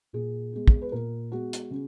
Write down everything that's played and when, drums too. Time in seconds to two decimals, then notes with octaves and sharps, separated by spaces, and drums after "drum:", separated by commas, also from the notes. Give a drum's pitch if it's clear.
0.13 A#2 G#4
0.53 G#3 B3
0.68 drum: kick
0.82 B4
0.92 A#2 A#4
1.32 G#3 B3 F#4
1.53 drum: hi-hat
1.71 C#3